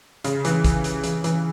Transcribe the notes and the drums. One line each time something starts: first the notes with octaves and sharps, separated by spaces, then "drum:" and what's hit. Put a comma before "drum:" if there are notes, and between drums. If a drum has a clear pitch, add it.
C#3, drum: hi-hat
E3, drum: hi-hat
C#3
drum: kick, hi-hat
drum: hi-hat
E3, drum: hi-hat
E3, drum: hi-hat